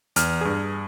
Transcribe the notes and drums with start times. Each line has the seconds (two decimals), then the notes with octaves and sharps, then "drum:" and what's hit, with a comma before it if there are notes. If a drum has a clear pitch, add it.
0.16 E2 F6, drum: hi-hat
0.41 G2 G#4